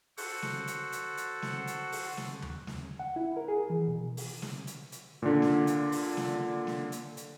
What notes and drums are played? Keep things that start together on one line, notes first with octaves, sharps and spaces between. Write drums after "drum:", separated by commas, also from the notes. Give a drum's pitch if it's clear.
F#4 A4 C5 F#5, drum: open hi-hat
drum: snare
drum: hi-hat
drum: hi-hat
drum: hi-hat
drum: snare
drum: hi-hat
drum: open hi-hat
drum: snare
drum: tom D#2
drum: snare
F#5
E4
A#4
G#4
E3
B2
drum: open hi-hat
drum: snare
drum: hi-hat
drum: hi-hat
A#2 D3
drum: snare
drum: hi-hat
drum: open hi-hat
drum: snare
drum: snare
drum: hi-hat
drum: hi-hat